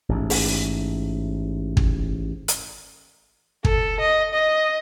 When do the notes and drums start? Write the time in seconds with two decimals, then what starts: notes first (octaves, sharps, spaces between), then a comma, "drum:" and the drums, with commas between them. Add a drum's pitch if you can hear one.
0.09 A1 G#2
0.30 drum: open hi-hat
1.77 drum: kick
2.48 drum: hi-hat
3.65 A4, drum: kick
4.00 D#5
4.33 D#5